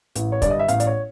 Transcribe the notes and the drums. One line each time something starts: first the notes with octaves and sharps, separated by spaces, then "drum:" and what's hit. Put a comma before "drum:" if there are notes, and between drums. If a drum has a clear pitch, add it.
A1, drum: hi-hat
C#5
G2 D3 G3 D5, drum: kick, hi-hat
D#5
E5
A1 F5, drum: hi-hat
D5, drum: hi-hat
C#5